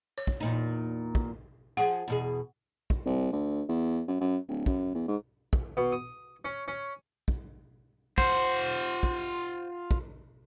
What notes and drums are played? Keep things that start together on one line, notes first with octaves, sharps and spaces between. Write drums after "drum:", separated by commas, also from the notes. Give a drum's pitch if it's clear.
C#5
drum: kick
E2 A#2 D#4
drum: kick
F3 G#4 F#5
E2 B2 G#4
drum: kick
C2
D2
E2
F#2
F#2
D1
F#2, drum: kick
E2
G#2
drum: kick
B2
D#6
C#4
C#4
drum: kick
F4 C5 F#5, drum: kick
drum: kick
drum: kick